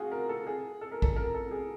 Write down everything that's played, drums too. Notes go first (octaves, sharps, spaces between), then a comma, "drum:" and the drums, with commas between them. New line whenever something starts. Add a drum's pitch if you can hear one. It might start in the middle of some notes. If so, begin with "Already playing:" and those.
Already playing: F4 F#4 G#4
A#4
A4
G#4
A4
A#4
A4, drum: kick A#1
A#4
A4
G#4